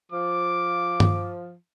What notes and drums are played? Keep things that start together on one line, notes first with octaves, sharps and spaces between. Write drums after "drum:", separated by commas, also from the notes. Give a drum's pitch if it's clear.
F3 D6
drum: tom G2